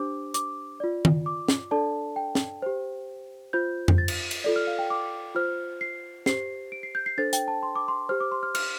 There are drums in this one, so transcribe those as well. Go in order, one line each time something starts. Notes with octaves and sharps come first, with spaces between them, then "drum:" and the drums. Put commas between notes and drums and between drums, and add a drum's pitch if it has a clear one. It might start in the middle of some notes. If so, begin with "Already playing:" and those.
Already playing: D4 G4 C5 D6
D6, drum: hi-hat
F4 D5
drum: tom D#3
D6
drum: snare
D4 A4 D5 A5
G5
drum: snare
G4 C5
F4 C5 G6
drum: tom F2
A6
drum: cymbal
drum: cymbal
F4 A4 D5
F6
F5
G5
D6
F4 C5 F6
C7
G4 C5 C7, drum: snare
D7
C7
G6
C7
D4 A4 C5 A6
G5, drum: hi-hat
A5
C6
D6
C6
G4 C5 F6
D6
C6
F6
F6, drum: cymbal